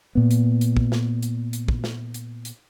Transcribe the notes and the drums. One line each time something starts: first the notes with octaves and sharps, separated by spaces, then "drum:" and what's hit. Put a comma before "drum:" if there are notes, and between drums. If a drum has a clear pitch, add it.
A#2 B3
drum: hi-hat
drum: hi-hat
drum: kick
drum: snare
drum: hi-hat
drum: hi-hat
drum: kick
drum: snare
drum: hi-hat
drum: hi-hat